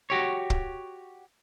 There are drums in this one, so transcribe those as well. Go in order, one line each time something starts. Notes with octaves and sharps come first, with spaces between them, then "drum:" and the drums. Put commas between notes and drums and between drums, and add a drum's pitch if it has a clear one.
F#4 G4 C#5
drum: kick